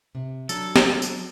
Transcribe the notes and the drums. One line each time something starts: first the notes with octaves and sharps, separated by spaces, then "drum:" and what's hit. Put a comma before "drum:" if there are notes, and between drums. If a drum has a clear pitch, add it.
C3
F#3 D4 A4, drum: tambourine
drum: snare
drum: tambourine